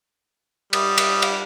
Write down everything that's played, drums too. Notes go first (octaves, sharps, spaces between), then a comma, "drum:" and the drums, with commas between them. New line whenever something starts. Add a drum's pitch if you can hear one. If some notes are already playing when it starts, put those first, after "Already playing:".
G3 D#6, drum: cymbal
drum: cymbal
drum: cymbal